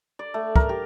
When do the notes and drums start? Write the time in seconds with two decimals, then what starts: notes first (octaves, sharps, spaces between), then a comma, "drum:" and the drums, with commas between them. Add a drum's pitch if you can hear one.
0.19 D5
0.34 A3
0.56 A#4, drum: kick
0.69 G4